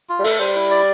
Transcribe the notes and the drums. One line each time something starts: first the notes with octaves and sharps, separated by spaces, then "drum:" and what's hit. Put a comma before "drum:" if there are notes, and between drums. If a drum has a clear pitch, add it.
F4
G3
A3 A4, drum: open hi-hat
G3 C5
E4
D5